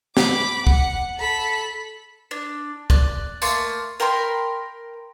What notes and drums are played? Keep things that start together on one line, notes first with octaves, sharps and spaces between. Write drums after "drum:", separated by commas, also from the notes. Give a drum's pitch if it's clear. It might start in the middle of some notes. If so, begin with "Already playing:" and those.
B5 D6, drum: snare
F#5, drum: kick
A4 B5
D4
D5 F#6, drum: kick
A3 A#3 A5 C6, drum: tambourine
A#4 G5 B5 C6